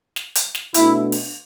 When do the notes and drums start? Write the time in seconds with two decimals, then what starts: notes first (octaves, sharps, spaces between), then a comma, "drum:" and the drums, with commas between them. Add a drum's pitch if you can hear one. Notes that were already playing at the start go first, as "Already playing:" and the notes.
0.16 drum: snare
0.35 drum: hi-hat
0.55 drum: snare
0.74 B2 A3 D4 E4, drum: hi-hat
1.12 drum: open hi-hat